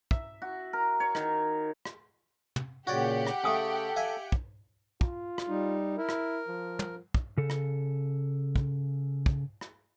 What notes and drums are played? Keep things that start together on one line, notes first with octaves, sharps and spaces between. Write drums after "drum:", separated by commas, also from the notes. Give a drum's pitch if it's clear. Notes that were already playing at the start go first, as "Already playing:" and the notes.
E5, drum: kick
F#4
A#4
C#5
D#3, drum: rim click
drum: rim click
drum: tom
A#2 C#3 F#4 G4 C#5 D5 F#5 G5
drum: rim click
C#3 A3 A4 G#5 D#6
E5 F5 G#5
drum: kick
F4, drum: kick
drum: rim click
G3 D#4
E4 A#4
drum: rim click
F3
drum: tom
drum: kick
C#3 A4
drum: rim click
drum: kick
drum: kick
drum: rim click